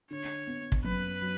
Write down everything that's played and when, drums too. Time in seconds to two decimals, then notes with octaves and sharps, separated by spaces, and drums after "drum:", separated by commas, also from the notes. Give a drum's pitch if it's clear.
0.11 D3 C#5
0.47 B3
0.72 drum: kick
0.84 F#2 B4
1.22 F#3